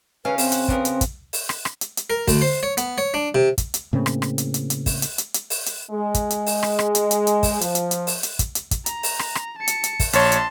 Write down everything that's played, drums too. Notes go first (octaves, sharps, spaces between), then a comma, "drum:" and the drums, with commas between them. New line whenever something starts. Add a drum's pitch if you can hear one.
C#3 C#4 B4 F5
C4, drum: open hi-hat
F#5, drum: hi-hat
C#3 B3 A#4, drum: kick
drum: hi-hat
drum: kick, hi-hat
drum: open hi-hat
drum: rim click
drum: rim click
drum: hi-hat
drum: hi-hat
A#4
D2, drum: kick, open hi-hat
C5
C#5
B3, drum: hi-hat
C#5
D4
C3
drum: kick, hi-hat
drum: hi-hat
A2 C#3 A#3 C4
drum: rim click
drum: rim click
drum: hi-hat
drum: hi-hat
drum: hi-hat
drum: kick, open hi-hat
drum: hi-hat
drum: hi-hat
drum: hi-hat
drum: open hi-hat
drum: hi-hat
G#3
drum: kick, hi-hat
drum: hi-hat
drum: open hi-hat
drum: rim click
drum: rim click
drum: hi-hat
drum: hi-hat
drum: hi-hat
drum: kick, open hi-hat
F3, drum: hi-hat
drum: hi-hat
drum: hi-hat
drum: open hi-hat
drum: hi-hat
drum: kick, hi-hat
drum: hi-hat
drum: kick, hi-hat
A#5, drum: hi-hat
drum: open hi-hat
drum: rim click
drum: rim click
A5 C#7
drum: hi-hat
drum: hi-hat
drum: kick, open hi-hat
A#1 C#5 A5 C6, drum: hi-hat
drum: hi-hat